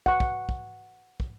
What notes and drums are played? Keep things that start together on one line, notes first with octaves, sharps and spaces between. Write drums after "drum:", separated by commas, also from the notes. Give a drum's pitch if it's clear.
F#5 C#6, drum: kick
drum: kick
drum: kick
drum: kick